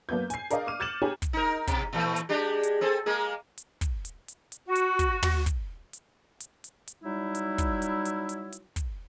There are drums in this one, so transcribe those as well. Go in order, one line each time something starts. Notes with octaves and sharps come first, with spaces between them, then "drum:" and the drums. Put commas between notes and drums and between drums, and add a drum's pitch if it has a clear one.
F#2 A#3 B3 B4 G6
G#5 C7, drum: hi-hat
G#4 A#4 D5 D#5 F5, drum: hi-hat
D6 F6 D#7
F6 G6 A6 C#7 E7 F#7
G4 G#4 C#5 G#5 A#5
drum: kick, hi-hat
D#4 A#4
B2, drum: kick, hi-hat
A#2 E3 A3
drum: hi-hat
G#3 D4 G4
drum: hi-hat
C4 G#4 A4
G#3 A#3 G#4
drum: hi-hat
drum: kick, hi-hat
drum: hi-hat
drum: hi-hat
drum: hi-hat
F#4
drum: hi-hat
drum: kick, hi-hat
drum: tom
drum: kick, hi-hat
drum: hi-hat
drum: hi-hat
drum: hi-hat
drum: hi-hat
F#3 G3 D#4 E4
drum: hi-hat
drum: kick, hi-hat
drum: hi-hat
drum: hi-hat
drum: hi-hat
drum: hi-hat
drum: kick, hi-hat